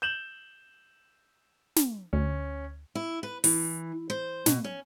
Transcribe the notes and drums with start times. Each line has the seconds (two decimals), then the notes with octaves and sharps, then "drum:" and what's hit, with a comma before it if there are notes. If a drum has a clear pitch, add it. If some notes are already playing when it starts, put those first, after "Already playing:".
0.02 G6 E7 F#7
1.76 drum: snare
2.13 D2 C#4
2.95 E4
3.23 B4
3.44 E3, drum: open hi-hat
4.10 C5
4.46 B2, drum: snare
4.64 C#4